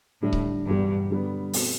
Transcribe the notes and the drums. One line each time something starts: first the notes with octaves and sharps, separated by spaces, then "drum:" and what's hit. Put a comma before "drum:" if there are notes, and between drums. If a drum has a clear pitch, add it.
A2 D3 G3 D4
drum: kick C#1
E2 G2 B2 G3
D3 G3 B3
B2 A3 C4 F#4, drum: open hi-hat